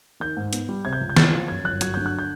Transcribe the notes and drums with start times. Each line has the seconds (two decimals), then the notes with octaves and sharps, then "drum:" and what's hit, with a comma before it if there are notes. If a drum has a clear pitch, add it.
0.20 D#3 G6
0.37 G#2
0.53 B3, drum: hi-hat
0.69 G3
0.85 C3 G#6
0.93 G6
1.01 C#2
1.09 G6
1.17 C#2 A6, drum: snare
1.34 F3
1.48 F#2 G#6
1.64 G1 F#6
1.81 F#3 G#6, drum: hi-hat
1.94 D3 G6
2.06 F#6
2.19 G6